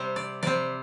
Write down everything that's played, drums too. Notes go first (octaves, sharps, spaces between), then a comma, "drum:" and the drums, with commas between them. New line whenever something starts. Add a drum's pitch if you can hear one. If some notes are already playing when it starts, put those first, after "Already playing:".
Already playing: C3 G3 C4
D5
C3 G3 C4 D5, drum: tom F3